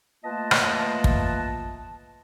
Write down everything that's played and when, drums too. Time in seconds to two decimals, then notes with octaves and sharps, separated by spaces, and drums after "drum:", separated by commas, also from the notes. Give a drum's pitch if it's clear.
0.24 A3 A#3 F4 B4 D#5 A5
0.51 drum: rim click
1.04 drum: kick